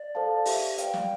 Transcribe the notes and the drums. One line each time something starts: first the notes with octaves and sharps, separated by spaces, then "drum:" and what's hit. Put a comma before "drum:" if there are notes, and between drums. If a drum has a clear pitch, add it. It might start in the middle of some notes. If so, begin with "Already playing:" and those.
Already playing: D5
A4 C5 F5 A5
G4 E5, drum: open hi-hat
B4 D5 F5 G5, drum: hi-hat
drum: snare